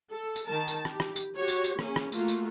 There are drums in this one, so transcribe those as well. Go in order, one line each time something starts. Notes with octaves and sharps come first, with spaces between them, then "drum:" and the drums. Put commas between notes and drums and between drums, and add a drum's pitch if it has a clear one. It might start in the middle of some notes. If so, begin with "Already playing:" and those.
A4
drum: tambourine
D#3 A#4 A5
drum: tambourine
G4, drum: rim click
drum: rim click
drum: tambourine
F#4 G4 C#5
drum: tambourine
drum: tambourine
A#3 C#4 G#4, drum: rim click
drum: rim click
A3 A#3 F4 F#4, drum: tambourine
drum: tambourine